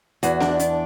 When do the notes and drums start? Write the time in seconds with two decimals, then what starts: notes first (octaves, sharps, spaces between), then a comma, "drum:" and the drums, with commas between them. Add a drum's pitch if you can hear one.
0.23 E2 F#4, drum: hi-hat
0.40 D4, drum: snare B3
0.59 D4, drum: hi-hat